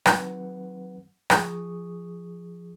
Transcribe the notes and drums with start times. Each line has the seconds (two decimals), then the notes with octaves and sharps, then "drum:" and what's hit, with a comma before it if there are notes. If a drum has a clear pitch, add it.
0.06 D#3 F#3 C4 B4 F#5, drum: rim click
1.30 F3 G#4 C#6 D#6, drum: rim click